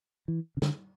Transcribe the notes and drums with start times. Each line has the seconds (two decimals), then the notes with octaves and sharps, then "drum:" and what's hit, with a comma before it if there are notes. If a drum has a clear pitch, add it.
0.28 E3
0.57 C#3
0.62 D3, drum: snare